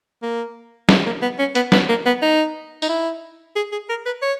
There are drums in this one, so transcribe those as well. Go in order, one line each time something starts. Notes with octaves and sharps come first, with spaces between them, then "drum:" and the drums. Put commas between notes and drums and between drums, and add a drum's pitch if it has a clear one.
A#3
B3, drum: snare
A#3
B3
C#4
B3, drum: hi-hat
B3, drum: snare
A#3
B3
D#4
D#4, drum: tambourine
E4
G#4
G#4
A#4
B4
C#5